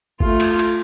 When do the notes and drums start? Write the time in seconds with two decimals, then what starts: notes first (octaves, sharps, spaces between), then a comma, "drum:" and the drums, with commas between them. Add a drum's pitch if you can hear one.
0.20 A3 F4, drum: kick G#1
0.40 drum: cymbal
0.59 drum: cymbal